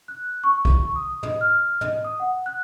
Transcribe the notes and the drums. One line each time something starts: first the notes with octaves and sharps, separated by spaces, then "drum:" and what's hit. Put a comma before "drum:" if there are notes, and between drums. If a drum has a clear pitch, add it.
F#6
C#6
drum: kick B1
D#6
D#5, drum: tom
F6
D#5, drum: tom
D#6
F#5
F#6